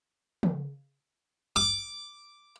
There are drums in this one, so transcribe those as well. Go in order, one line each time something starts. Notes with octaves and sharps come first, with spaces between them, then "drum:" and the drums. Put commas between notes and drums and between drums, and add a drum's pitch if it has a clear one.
drum: tom
D6